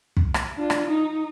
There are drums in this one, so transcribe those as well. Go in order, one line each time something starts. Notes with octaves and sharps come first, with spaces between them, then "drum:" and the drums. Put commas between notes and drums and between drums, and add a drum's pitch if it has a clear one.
drum: kick
drum: rim click
D4 F4
drum: rim click
D#4